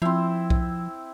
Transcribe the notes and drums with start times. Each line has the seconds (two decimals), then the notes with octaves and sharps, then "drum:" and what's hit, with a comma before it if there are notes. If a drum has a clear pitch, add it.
0.02 F3 C4 E4
0.50 drum: kick B1